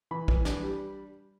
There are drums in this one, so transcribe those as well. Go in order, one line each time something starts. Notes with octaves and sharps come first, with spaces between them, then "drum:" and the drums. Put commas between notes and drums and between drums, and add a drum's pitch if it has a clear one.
E3 B5
E3, drum: kick
D4, drum: snare
G3